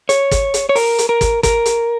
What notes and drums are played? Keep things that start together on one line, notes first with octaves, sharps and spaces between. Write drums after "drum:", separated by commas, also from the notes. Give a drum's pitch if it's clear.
C#5, drum: hi-hat
drum: kick, hi-hat
drum: hi-hat
C#5
A#4, drum: open hi-hat
drum: hi-hat
A#4
drum: kick, hi-hat
A#4, drum: kick, hi-hat
drum: hi-hat